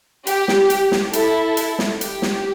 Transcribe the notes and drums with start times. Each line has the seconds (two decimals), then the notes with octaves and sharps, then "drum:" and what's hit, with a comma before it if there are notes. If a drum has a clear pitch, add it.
0.27 G4, drum: hi-hat
0.48 drum: snare
0.70 drum: hi-hat
0.92 drum: snare
1.13 E4 A4, drum: hi-hat
1.57 drum: hi-hat
1.79 drum: snare
2.01 G4, drum: hi-hat
2.22 drum: snare